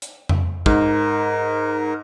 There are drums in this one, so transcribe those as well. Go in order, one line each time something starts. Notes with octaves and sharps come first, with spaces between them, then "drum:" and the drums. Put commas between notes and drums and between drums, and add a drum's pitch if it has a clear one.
drum: hi-hat
drum: tom F2
G#2 A#4, drum: kick